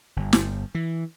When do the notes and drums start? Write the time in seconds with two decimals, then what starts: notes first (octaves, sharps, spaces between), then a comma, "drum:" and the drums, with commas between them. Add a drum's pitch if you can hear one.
0.16 G1
0.33 drum: snare
0.75 E3